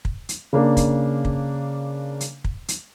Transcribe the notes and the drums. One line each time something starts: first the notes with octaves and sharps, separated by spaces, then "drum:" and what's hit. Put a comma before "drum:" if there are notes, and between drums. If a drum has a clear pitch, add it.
drum: kick
drum: hi-hat
C#3 A#3 D4
drum: kick, hi-hat
drum: kick
drum: hi-hat
drum: kick
drum: hi-hat